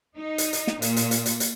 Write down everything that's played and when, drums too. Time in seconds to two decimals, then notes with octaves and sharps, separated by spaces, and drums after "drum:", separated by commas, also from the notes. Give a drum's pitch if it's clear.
0.18 D#4
0.38 drum: hi-hat
0.53 drum: hi-hat
0.67 drum: snare
0.82 A#2, drum: hi-hat
0.96 drum: hi-hat
1.11 drum: hi-hat
1.26 drum: hi-hat
1.40 drum: hi-hat